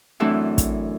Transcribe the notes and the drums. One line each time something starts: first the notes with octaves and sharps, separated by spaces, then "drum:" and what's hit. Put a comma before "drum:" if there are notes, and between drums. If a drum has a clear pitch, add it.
F#2 E3 A3 C4 D4 E4
drum: kick, hi-hat